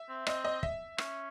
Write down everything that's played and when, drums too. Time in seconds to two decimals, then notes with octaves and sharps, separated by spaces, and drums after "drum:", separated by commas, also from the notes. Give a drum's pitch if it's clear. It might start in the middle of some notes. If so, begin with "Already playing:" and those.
Already playing: E5
0.09 C4
0.27 C4 D#5, drum: rim click
0.45 D#5
0.63 E5, drum: kick
0.98 C#4, drum: rim click